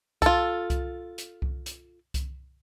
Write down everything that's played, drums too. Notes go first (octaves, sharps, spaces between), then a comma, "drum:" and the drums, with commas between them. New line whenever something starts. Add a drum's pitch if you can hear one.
F4 A4, drum: kick C2, hi-hat
drum: kick C2, hi-hat
drum: hi-hat
drum: kick C2
drum: hi-hat
drum: kick C2, hi-hat